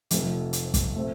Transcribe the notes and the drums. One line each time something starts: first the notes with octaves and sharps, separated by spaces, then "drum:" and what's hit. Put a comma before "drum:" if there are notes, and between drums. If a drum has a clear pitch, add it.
F1 F2 C3 F3 A3, drum: hi-hat
drum: hi-hat
drum: kick, hi-hat
A#2 A3 C4